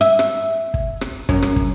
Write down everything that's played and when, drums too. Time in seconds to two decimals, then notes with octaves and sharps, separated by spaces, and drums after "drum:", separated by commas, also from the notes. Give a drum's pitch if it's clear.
0.01 E5
0.19 drum: rim click
0.74 drum: kick
1.01 drum: rim click
1.29 F#2, drum: kick
1.42 drum: rim click
1.56 drum: kick